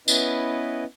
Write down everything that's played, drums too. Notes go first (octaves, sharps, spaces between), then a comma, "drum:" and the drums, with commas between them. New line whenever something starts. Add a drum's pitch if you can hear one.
B3 C#4 E4 B4 D#5, drum: tambourine